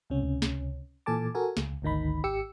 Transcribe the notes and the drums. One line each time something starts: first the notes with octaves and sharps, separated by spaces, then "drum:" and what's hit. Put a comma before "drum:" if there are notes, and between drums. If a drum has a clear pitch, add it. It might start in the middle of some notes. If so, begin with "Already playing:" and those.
C#2 C3 C#4
drum: kick C#2
drum: snare
A#2 E3 A4 G#5 A5 D6
F#4 A4 A#4 G#5
C#2, drum: snare
G#1 D2 D#3 D#4 B5
G#1 G4 E6 C#7